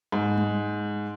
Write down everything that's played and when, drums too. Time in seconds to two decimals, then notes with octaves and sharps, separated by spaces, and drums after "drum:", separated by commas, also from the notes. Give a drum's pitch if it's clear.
0.12 G#2
0.38 drum: tom G3